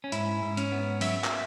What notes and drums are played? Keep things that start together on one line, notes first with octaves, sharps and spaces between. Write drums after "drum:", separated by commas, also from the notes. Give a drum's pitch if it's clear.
C#4
G#2 E4, drum: hi-hat
G#2
C#4, drum: hi-hat
B3
F#3 E5, drum: open hi-hat
drum: clap